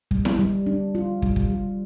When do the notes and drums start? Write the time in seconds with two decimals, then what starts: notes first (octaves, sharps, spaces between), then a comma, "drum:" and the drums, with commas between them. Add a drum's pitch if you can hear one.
0.11 G3, drum: kick
0.25 drum: snare E4
0.39 G3
0.67 D4
0.95 F4
1.22 G3, drum: kick
1.36 drum: kick
1.50 G3